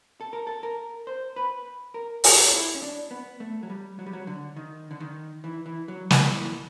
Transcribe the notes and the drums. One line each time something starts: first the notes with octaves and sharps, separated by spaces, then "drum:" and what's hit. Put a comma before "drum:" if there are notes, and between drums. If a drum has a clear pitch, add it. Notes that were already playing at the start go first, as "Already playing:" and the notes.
A4
A#4
A4
A#4
C5
B4
A#4
F4, drum: open hi-hat
F4
E4
C#4
D4
B3
A3
F#3
G3
F#3
G3
F#3
D3
D#3
D3
D#3
E3
E3
F#3
F#3, drum: snare
E3